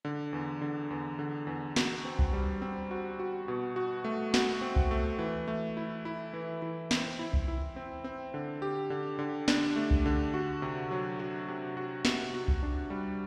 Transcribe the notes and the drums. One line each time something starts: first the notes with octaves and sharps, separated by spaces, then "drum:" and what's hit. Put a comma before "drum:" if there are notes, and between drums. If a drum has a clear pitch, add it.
D3
E2
D3
E2
D3
E2
F#4, drum: snare
C4
drum: kick C2
G3
C4
F#4
F#4
B2
F#4
A3
F#4, drum: snare
C4
drum: kick C2
A3
E3
A3
E4
E4
E3
E3
C4, drum: snare
E4
drum: kick C2
E4
C4
C4
D3
G4
D3
D3
D4, drum: snare
A3
drum: kick C2
D3
F#4
C3
F#3
F#4
C3
F#4
C3, drum: snare
F#4
drum: kick C2
D4
G3